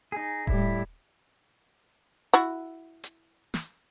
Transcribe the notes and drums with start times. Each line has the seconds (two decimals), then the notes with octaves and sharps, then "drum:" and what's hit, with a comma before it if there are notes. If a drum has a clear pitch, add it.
0.12 D#4 G#4
0.47 A2 G3 E4, drum: kick D#1
2.34 E4 F#4
3.04 drum: hi-hat
3.54 drum: snare